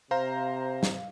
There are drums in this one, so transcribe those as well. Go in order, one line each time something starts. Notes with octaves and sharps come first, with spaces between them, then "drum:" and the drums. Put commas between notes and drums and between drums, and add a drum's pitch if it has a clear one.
C3 C5 F5 A#5
drum: snare